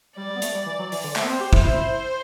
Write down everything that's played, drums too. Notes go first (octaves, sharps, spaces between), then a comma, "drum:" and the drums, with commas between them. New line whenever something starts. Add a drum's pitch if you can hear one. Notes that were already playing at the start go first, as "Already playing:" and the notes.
G3 D5
G3
B3
A3, drum: hi-hat
G3
E3
F#3
E3, drum: open hi-hat
D3
A3 C5, drum: clap
B3
C4
G4
E4, drum: kick
E4